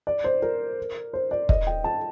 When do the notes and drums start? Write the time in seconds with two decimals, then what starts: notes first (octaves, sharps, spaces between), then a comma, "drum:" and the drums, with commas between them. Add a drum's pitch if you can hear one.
0.07 D5
0.24 C5
0.42 A#4
1.13 C5
1.31 D5
1.49 D#5, drum: kick
1.67 G5
1.84 A5